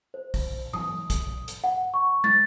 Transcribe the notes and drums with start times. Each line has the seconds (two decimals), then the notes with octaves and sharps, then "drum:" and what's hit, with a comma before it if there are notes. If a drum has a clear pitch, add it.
0.14 C5
0.34 drum: kick, open hi-hat
0.73 D#6, drum: tom G#2
1.10 drum: kick, hi-hat
1.48 drum: hi-hat
1.64 F#5
1.94 C#6
2.24 A6, drum: tom